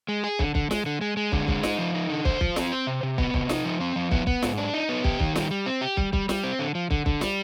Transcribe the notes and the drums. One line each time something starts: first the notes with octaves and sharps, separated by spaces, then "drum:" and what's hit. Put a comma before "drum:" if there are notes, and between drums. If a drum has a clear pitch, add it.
G#3
G#4
D3, drum: kick
D3, drum: kick
G#3, drum: snare
D3
G#3
G#3
D3, drum: kick
G#3, drum: kick
D#4, drum: snare
F3
D#4
D3
C5, drum: kick
F4, drum: kick
C4, drum: snare
C5
C3
C3
B3, drum: kick
C3, drum: kick
D#4, drum: snare
F3
C4
F3
B3, drum: kick
B3, drum: kick
G#2, drum: snare
D4
D#4
B3
G4, drum: kick
D#3, drum: kick
G3, drum: snare
G3
C4
G4
G3, drum: kick
G3, drum: kick
G3, drum: snare
C4
D3
F3
D3, drum: kick
D3, drum: kick
G3, drum: snare